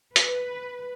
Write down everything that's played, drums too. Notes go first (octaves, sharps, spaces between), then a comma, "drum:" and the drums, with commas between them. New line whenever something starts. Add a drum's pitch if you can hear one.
B4, drum: hi-hat